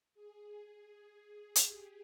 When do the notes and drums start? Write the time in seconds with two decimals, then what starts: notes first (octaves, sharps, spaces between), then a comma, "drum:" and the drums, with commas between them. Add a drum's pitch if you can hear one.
0.14 G#4
1.56 drum: hi-hat
1.67 G4